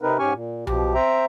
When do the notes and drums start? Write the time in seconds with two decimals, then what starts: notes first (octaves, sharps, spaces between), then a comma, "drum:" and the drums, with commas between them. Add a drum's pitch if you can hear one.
0.02 C3 C4 D#4 A#4 B4
0.19 G#2 C#4 G4 G#5 C#6 F6
0.33 A#2
0.67 B2 F3 G4, drum: tom B1
0.95 C4 C5 E5 G5 A#5